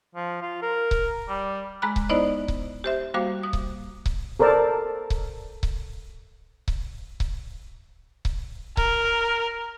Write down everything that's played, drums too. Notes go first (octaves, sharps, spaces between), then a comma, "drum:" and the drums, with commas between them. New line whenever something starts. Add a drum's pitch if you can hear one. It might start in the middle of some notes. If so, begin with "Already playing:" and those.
F3
F4
A#4
drum: kick C#1
G3
G#3 A#5 B5 F#6
drum: kick C#1
B3 D#4 E4 C5 D5 D#5
drum: kick C#1
G4 C5 E5
G3 A#3 F#4 C5 F5 D6
D#6
drum: kick C#1
drum: kick C#1
A4 A#4 C5 D5 A5
drum: kick C#1
drum: kick C#1
drum: kick C#1
drum: kick C#1
drum: kick C#1
A#4, drum: kick C#1